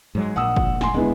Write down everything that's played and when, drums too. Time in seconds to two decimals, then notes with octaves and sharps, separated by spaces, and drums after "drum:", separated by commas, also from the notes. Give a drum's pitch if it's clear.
0.15 G#2 F#3 G#3
0.36 A#1 A#2 F#5 D#6 E6
0.56 drum: kick
0.81 G#5 C6, drum: snare
0.94 D1 C#2 G#3 B3 D4 E4